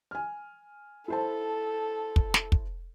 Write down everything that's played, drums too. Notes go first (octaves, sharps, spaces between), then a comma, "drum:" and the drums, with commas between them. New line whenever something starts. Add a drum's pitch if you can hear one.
G#5 F6
E4 A4 C5 A5
drum: kick
drum: snare
drum: kick